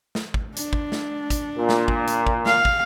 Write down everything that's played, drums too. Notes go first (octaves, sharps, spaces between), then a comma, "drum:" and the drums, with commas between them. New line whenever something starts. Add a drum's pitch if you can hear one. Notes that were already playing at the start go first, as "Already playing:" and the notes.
drum: snare
drum: kick
D4, drum: hi-hat
drum: kick
drum: snare
drum: kick, hi-hat
A#2
drum: snare
drum: kick
drum: hi-hat
drum: kick
F5, drum: snare
drum: kick